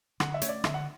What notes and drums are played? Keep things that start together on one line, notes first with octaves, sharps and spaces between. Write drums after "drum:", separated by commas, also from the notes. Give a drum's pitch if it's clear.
D3 F#5, drum: rim click
E5
A3 C#4 C#5, drum: hi-hat
D5
D3 E5, drum: rim click
F#5